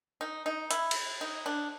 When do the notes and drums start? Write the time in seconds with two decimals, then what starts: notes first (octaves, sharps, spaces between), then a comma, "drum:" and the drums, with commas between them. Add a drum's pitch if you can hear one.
0.21 D#4
0.46 D#4
0.71 E4, drum: hi-hat
0.91 drum: cymbal
1.21 D#4
1.46 D4